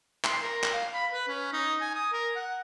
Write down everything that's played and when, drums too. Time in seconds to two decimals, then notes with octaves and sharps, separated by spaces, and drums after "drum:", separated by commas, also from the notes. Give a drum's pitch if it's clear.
0.24 C6, drum: clap
0.43 A#4
0.64 drum: clap
0.73 F5
0.94 B5
1.13 B4
1.28 C#4
1.53 D#4
1.81 G#5
1.95 D#6
2.13 A#4
2.36 F#5